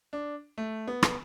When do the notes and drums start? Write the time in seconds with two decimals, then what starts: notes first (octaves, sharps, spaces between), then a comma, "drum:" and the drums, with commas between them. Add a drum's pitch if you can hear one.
0.13 D4
0.58 A3
0.88 B3
1.03 drum: rim click